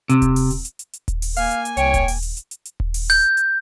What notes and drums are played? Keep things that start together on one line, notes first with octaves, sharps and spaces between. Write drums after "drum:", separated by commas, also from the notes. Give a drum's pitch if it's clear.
C3, drum: hi-hat
drum: kick D#1, hi-hat
drum: open hi-hat
drum: hi-hat
drum: hi-hat
drum: hi-hat
drum: hi-hat
drum: kick D#1, hi-hat
drum: open hi-hat
A#3 F5 G#5, drum: hi-hat
drum: hi-hat
drum: hi-hat
C2 C#5 G5, drum: hi-hat
drum: kick D#1, hi-hat
drum: open hi-hat
drum: hi-hat
drum: hi-hat
drum: hi-hat
drum: hi-hat
drum: kick D#1
drum: open hi-hat
G6, drum: hi-hat
drum: hi-hat